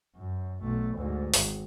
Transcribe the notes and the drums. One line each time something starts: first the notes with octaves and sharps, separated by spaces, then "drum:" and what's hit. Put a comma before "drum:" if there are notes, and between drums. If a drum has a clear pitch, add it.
F#2
B1 A3
D2 G#2
G#1, drum: open hi-hat